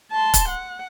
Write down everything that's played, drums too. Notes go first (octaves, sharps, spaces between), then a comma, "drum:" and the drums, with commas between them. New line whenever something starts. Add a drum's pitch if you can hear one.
A5 C6
drum: kick, hi-hat
F#5